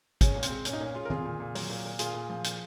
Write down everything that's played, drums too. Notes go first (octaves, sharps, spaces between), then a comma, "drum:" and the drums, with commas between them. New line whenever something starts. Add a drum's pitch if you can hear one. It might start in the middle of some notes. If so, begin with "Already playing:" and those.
G#3 C#4, drum: kick, hi-hat
A#2
C4, drum: hi-hat
G#3
A#2 C#4, drum: hi-hat
D#4
A#2 C#4
G#3 C#4 F4
A#4
A#2 F4 G#4, drum: tom D#3
A#2
A#2
F#3, drum: open hi-hat
A#2
A#2
A#2 F4 G#4, drum: hi-hat
A#2
F3
A#2, drum: hi-hat